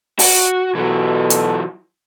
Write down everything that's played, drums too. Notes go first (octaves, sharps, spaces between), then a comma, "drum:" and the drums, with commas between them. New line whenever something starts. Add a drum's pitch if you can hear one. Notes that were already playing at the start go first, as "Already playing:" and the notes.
F#4, drum: open hi-hat
B2 E3 F#3 A4
drum: hi-hat